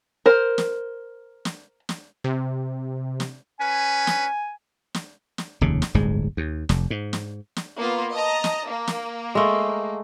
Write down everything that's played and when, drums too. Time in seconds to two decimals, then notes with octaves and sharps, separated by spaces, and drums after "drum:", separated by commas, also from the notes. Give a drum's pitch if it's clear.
0.26 A#4 C5
0.58 drum: snare
1.45 drum: snare
1.89 drum: snare
2.24 C3
3.20 drum: snare
3.60 C#4 B4 G#5
4.07 drum: snare
4.94 drum: snare
5.38 drum: snare
5.61 F1 D#2 C#3
5.82 drum: snare
5.94 D1 G1 G#2 G#3
6.37 D#2
6.69 F1, drum: snare
6.90 G#2
7.13 drum: snare
7.56 drum: snare
7.78 A#3 B3 F4
8.13 D#5 A5 A#5
8.44 drum: snare
8.66 A#3
8.88 drum: snare
9.35 G#3 A3